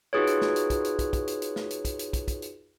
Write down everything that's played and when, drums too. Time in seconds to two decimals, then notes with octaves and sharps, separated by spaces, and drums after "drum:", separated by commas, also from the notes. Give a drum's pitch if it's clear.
0.13 D#4 F4 F#4 G#4 B4 C#5
0.27 drum: hi-hat
0.41 drum: snare
0.56 drum: hi-hat
0.70 drum: kick, hi-hat
0.84 drum: hi-hat
0.99 drum: kick, hi-hat
1.13 drum: kick, hi-hat
1.27 drum: hi-hat
1.42 drum: hi-hat
1.56 drum: snare
1.70 drum: hi-hat
1.85 drum: kick, hi-hat
1.99 drum: hi-hat
2.13 drum: kick, hi-hat
2.28 drum: kick, hi-hat
2.42 drum: hi-hat